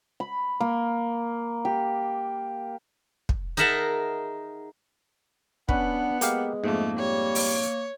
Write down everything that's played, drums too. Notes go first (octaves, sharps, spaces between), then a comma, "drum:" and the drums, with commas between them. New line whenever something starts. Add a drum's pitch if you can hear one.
B5
A#3
G4
drum: kick
D#4 G#4 A#4 E5 F#5 A5
B3 C#4 D4 B4 F#5, drum: kick
G#3 A#3 G4 F5, drum: hi-hat
F2 G#2 A3 A#3
G3 C#5
drum: open hi-hat